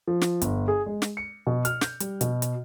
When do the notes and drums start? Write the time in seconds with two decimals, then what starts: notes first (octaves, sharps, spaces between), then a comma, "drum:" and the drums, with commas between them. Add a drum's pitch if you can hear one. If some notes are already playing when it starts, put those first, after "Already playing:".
0.08 F3
0.21 drum: snare
0.42 G1, drum: hi-hat
0.68 G#4
0.86 G#3
1.02 drum: snare
1.17 C#7
1.47 B2
1.65 F6, drum: hi-hat
1.81 G6, drum: snare
2.00 G3, drum: hi-hat
2.21 B2, drum: hi-hat
2.42 drum: hi-hat